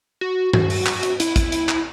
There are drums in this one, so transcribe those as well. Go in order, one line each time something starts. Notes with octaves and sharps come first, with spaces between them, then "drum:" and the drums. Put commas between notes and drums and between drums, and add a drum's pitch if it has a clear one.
F#4
F#4, drum: tom G2
drum: open hi-hat
drum: clap
drum: hi-hat
E4, drum: hi-hat
drum: kick, hi-hat
drum: hi-hat
drum: clap